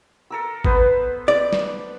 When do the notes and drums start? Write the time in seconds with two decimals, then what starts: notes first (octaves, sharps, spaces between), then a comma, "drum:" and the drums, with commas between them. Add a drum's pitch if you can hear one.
0.30 A4 A#4 E6
0.64 B3 B4 C5, drum: kick
1.28 D5
1.53 drum: snare